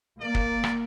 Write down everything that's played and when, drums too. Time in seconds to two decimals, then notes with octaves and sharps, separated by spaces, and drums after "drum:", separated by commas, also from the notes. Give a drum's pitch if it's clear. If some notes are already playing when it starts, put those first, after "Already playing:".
0.20 A#3 D5
0.35 drum: kick
0.64 drum: rim click